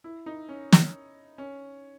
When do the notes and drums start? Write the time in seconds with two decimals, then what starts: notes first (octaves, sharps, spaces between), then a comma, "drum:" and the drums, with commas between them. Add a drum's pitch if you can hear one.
0.04 E4
0.26 D#4
0.49 C#4
0.72 drum: snare
1.38 C#4